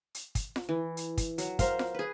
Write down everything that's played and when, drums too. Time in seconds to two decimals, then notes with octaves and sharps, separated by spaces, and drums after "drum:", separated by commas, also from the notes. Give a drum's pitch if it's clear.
0.15 drum: hi-hat
0.35 drum: kick, hi-hat
0.56 drum: snare F4
0.69 E3
0.97 drum: hi-hat
1.17 drum: kick, hi-hat
1.38 F#3, drum: hi-hat
1.59 A#4 C5 F5, drum: kick, hi-hat
1.79 drum: snare F4
1.94 G#4 B4